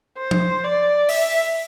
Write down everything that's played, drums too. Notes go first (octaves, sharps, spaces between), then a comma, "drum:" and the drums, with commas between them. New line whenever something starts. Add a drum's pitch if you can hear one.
C5
drum: tom
D5
E5, drum: open hi-hat